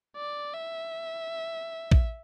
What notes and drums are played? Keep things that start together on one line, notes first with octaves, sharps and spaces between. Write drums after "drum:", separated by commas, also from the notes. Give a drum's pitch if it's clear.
D5
E5
drum: kick